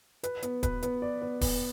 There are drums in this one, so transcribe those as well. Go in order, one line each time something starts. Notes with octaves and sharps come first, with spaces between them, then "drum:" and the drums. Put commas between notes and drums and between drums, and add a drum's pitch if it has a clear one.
B4, drum: hi-hat
B3, drum: hi-hat
B4, drum: kick D#1, hi-hat
B3, drum: hi-hat
D5
B3
B3, drum: kick D#1, open hi-hat